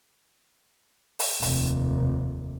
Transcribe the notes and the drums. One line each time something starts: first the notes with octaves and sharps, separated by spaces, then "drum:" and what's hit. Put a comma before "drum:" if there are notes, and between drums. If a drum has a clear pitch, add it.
drum: open hi-hat
F1 D#2, drum: open hi-hat